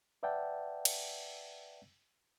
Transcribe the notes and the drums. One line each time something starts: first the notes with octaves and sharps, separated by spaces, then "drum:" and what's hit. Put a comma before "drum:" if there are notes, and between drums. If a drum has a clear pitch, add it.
B4 D5 E5 F#5 G5 A5
drum: cymbal